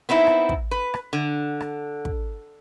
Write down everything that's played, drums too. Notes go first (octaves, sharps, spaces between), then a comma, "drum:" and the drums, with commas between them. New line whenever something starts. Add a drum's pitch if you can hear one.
B3 C4 D#4 E4
drum: rim click
drum: kick
B4
drum: rim click
D3
drum: rim click
drum: kick